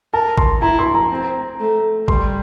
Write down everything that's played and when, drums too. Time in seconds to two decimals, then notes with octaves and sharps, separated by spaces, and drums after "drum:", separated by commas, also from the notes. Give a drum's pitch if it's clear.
0.13 A#4 A5
0.38 C6, drum: kick
0.62 E4 A#5
0.79 C6
0.94 A#5
1.11 C4
1.60 A3
2.08 G3 C6, drum: kick